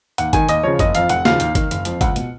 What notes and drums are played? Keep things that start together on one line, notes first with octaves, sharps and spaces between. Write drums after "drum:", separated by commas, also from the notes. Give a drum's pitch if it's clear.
D#2 F#5, drum: hi-hat
D#3 G#5, drum: kick G1, hi-hat
D#2 D#5, drum: hi-hat
C#3 F3 C#5
F#1 D#5, drum: kick G1, hi-hat
F2 F3 F5, drum: hi-hat
F1 F#5, drum: hi-hat
D#2 C#3 F3 F5, drum: snare
D#2, drum: hi-hat
D#3, drum: kick G1, hi-hat
F#1, drum: hi-hat
F2 F3, drum: hi-hat
C#2 F#5, drum: kick G1, hi-hat
B2, drum: hi-hat